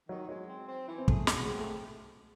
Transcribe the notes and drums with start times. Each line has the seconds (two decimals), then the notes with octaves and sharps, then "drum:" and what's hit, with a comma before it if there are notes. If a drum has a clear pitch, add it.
0.09 D#3 F#3
0.29 F#3 G#3
0.49 C4
0.68 C4
0.88 E3
0.98 C4
1.08 A3 G#4, drum: kick
1.27 F#3, drum: snare
1.45 G#3 C4
1.59 A3